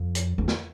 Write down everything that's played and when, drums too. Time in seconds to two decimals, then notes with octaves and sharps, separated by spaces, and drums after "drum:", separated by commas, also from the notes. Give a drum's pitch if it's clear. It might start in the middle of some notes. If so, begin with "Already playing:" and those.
Already playing: F2
0.15 drum: hi-hat
0.38 E2
0.48 drum: snare